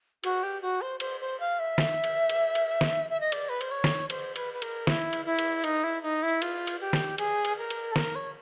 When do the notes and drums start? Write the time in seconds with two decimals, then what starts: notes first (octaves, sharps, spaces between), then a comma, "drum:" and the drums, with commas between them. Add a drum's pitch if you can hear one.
0.24 F#4, drum: cymbal
0.43 G4
0.62 F#4
0.81 C5
1.00 C5, drum: cymbal
1.21 C5
1.40 F5
1.59 E5
1.78 drum: snare
2.04 drum: cymbal
2.29 drum: cymbal
2.55 drum: cymbal
2.81 drum: snare
3.10 E5
3.21 D#5
3.32 D5, drum: cymbal
3.49 B4
3.61 C5, drum: cymbal
3.71 C#5
3.84 drum: snare
4.10 C5, drum: cymbal
4.36 B4, drum: cymbal
4.53 B4
4.62 A#4, drum: cymbal
4.87 E4, drum: snare
5.13 drum: cymbal
5.26 E4
5.39 drum: cymbal
5.64 D#4, drum: cymbal
5.84 E4
6.03 D#4
6.23 E4
6.42 F4, drum: cymbal
6.67 drum: cymbal
6.81 G4
6.93 drum: snare
7.18 G#4, drum: cymbal
7.45 drum: cymbal
7.58 A#4
7.70 drum: cymbal
7.92 A4
7.96 A#4, drum: snare
8.15 C#5